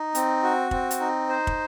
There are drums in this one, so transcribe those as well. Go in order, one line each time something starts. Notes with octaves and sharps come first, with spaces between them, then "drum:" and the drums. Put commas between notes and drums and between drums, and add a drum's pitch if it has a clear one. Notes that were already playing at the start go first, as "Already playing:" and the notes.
Already playing: D#4
C4, drum: hi-hat
F#4
C4, drum: kick
drum: hi-hat
D#4
C5
drum: kick